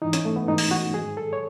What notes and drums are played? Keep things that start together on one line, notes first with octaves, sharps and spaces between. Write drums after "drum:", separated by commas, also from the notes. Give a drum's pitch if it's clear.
G#2 E3 D#4
C#4, drum: hi-hat
A3
B3
G#2 E3 D#4
drum: open hi-hat
F#4
G#2 D#3 F#3 G#4
A4
C#5